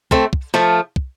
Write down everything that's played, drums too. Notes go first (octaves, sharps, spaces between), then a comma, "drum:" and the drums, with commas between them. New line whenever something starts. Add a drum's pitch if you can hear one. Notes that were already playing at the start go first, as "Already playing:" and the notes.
A3 C4, drum: kick
drum: kick
F3 A3, drum: snare
drum: kick